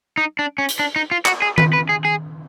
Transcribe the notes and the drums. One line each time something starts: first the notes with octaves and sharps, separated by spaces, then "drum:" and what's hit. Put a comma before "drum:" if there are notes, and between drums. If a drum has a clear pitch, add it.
D#4
D4
C#4
drum: hi-hat
D4
D#4
F4
F#4, drum: clap
G#4
B4, drum: tom D#3
B4
G#4
G#4